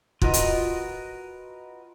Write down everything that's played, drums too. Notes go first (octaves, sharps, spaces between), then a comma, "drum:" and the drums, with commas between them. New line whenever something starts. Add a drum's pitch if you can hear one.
F4 F#4 A#4 B4 D#5, drum: kick
drum: hi-hat